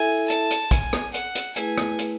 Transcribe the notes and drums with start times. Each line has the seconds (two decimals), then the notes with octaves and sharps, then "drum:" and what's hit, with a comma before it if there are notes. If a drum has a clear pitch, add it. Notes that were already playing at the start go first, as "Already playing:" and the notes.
Already playing: E4 A4 E5 G#5
0.30 A5, drum: hi-hat
0.51 drum: hi-hat
0.71 G#5, drum: kick, hi-hat
0.93 drum: rim click
1.14 F#5, drum: hi-hat
1.35 drum: hi-hat
1.56 A3 E4 G#4 B4 G#5, drum: hi-hat
1.78 drum: rim click
1.99 drum: hi-hat